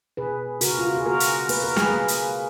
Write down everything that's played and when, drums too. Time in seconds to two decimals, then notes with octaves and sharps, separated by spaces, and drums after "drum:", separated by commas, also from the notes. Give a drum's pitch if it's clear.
0.17 B2 G#4 B4
0.61 C#3 F#4 A#4, drum: hi-hat
0.79 F4
0.87 F#4
0.97 G#4
1.05 A#3 F#4 A#4
1.20 drum: hi-hat
1.49 A#3 B4, drum: open hi-hat
1.64 A#4
1.77 G#4 B4, drum: snare
1.93 A#3
2.08 drum: hi-hat